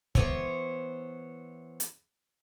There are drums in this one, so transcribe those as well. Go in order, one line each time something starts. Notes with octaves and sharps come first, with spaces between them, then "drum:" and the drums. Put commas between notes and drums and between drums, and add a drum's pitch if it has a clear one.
E3 B3 C5 C#5, drum: kick
drum: hi-hat